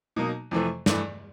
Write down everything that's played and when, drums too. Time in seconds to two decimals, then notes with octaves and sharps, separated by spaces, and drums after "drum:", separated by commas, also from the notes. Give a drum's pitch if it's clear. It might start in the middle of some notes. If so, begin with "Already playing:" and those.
0.16 B2 F#3 A#3 D#4
0.51 F2 C3 E3 A3
0.86 G2 E3 A3, drum: snare